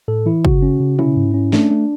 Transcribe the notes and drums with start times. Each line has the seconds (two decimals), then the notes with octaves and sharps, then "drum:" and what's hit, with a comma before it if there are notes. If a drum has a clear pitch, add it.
0.08 A2 A4
0.26 E3 E4
0.45 C#3 F#4, drum: kick
0.62 C#4
0.80 C#3
0.99 C#4 E4, drum: tom
1.17 G#2
1.34 C#4
1.52 A3 D4, drum: snare
1.71 A3